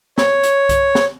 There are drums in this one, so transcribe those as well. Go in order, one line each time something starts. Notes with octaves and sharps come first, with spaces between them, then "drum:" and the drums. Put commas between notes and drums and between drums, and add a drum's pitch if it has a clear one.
C#5, drum: snare
drum: hi-hat
drum: kick C2, hi-hat
drum: snare